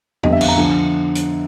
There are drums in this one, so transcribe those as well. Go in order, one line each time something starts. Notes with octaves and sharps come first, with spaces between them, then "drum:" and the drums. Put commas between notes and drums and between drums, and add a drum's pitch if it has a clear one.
F2 D3 G3 B3 D#5, drum: tom F#2
E5
F5, drum: cymbal
A#5
D3 F3 G#5
drum: hi-hat